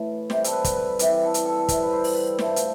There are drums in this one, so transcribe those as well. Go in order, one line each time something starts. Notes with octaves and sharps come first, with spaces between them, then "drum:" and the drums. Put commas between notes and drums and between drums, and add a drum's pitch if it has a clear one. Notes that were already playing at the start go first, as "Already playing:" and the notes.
Already playing: A2 E3 A3
C3 G3 C5, drum: snare
A4, drum: hi-hat
B4
drum: kick, hi-hat
B4
C3 E3 G3, drum: hi-hat
A4
drum: hi-hat
A4
A4
C3 G3 B4, drum: kick, hi-hat
B4
C5
drum: open hi-hat
B4
G2 F3 A3 C5, drum: snare
drum: hi-hat